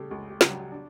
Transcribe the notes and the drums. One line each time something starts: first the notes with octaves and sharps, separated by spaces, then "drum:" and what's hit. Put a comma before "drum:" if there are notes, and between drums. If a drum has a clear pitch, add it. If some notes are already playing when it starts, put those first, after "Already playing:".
Already playing: C#3 G3 A3 G4 A4
C#2
G4
C#3 F#3 G3 F#4, drum: snare
D4